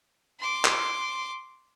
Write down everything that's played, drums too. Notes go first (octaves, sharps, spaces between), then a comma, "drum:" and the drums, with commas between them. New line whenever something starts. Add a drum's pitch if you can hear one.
C6 D6
drum: clap